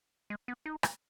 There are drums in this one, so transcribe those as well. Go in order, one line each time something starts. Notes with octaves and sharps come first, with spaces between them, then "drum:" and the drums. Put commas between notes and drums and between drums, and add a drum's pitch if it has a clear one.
G#3
B3
D#4
drum: rim click